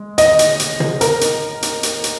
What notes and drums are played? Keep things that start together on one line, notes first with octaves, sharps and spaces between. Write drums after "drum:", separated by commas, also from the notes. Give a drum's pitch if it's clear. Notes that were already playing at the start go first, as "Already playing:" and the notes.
Already playing: G#3
D#5, drum: hi-hat
drum: hi-hat
drum: hi-hat
drum: tom
A#4, drum: hi-hat
drum: hi-hat
drum: hi-hat
drum: hi-hat
drum: hi-hat